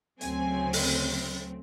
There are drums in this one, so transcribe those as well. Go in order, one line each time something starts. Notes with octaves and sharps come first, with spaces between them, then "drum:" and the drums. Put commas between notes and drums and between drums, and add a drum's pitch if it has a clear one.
D2 C#3 F#3 A3 C4 G#5, drum: hi-hat
drum: open hi-hat